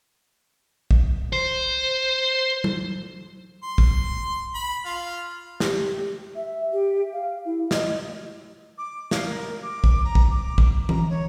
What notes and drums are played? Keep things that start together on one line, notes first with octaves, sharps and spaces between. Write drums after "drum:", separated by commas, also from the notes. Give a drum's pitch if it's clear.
drum: kick
C5
drum: tom F#3
C6
drum: kick
B5
F4
G4, drum: snare
E5
G4
F5
E4
D#5, drum: snare
D6
F5, drum: snare
A#4
D6
drum: kick
A#5
drum: kick
D6
drum: kick
A#5, drum: tom E3
C#5